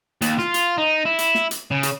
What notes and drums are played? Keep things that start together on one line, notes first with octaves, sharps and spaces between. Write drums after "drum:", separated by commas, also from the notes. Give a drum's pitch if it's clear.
D#2, drum: hi-hat
F4, drum: snare
drum: hi-hat
D#4
E4
drum: hi-hat
drum: snare
drum: hi-hat
C#3
drum: hi-hat